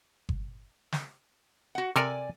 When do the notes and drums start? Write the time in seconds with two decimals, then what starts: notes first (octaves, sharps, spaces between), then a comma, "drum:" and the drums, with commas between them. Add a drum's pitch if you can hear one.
0.29 drum: kick G1
0.92 drum: snare
1.75 F#4 F#5
1.96 C3 A4 A#4 D5 G#5, drum: hi-hat